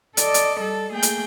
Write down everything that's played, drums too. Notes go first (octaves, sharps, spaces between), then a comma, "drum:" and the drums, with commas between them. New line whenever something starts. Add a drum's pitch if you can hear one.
A4 D5 D#5, drum: hi-hat
drum: hi-hat
G3 A4
A3 A#3 G#4 G5 G6
drum: hi-hat